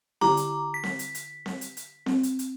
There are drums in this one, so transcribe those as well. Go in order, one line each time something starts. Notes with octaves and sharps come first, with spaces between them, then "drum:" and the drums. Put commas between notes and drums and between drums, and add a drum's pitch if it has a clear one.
D3 E4 G4 A#5 D6, drum: snare C4
drum: hi-hat
B6
drum: snare C4
drum: hi-hat
drum: hi-hat
drum: snare C4
drum: hi-hat
drum: hi-hat
C4, drum: snare C4
drum: hi-hat
drum: hi-hat